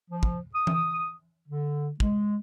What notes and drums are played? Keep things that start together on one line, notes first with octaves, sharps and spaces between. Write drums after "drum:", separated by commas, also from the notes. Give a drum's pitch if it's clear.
F3
drum: kick
D#6
drum: tom E3
D3
G#3, drum: kick